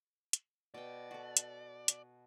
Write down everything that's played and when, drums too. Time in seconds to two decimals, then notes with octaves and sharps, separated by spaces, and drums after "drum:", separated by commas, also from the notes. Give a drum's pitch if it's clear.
0.33 drum: hi-hat
0.74 B2 D5 G5
1.11 F#4 A4
1.37 drum: hi-hat
1.88 drum: hi-hat